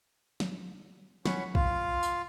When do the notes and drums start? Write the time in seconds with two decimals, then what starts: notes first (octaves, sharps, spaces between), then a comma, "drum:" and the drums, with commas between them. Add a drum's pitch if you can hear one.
0.40 drum: snare
1.26 C#4 F#5 B5 C#6, drum: snare
1.55 F4 F5, drum: kick
2.03 drum: tambourine